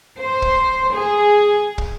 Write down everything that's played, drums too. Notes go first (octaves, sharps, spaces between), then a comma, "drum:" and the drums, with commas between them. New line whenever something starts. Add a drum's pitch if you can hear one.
C5
drum: kick
G#4
drum: kick